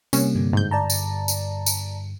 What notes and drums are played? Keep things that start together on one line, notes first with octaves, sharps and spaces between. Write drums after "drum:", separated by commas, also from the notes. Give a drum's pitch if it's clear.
C3 G3 A#3 C#4, drum: tambourine
G2 D3
G#2 G6
D5 A5 A#5
drum: tambourine
drum: tambourine
drum: tambourine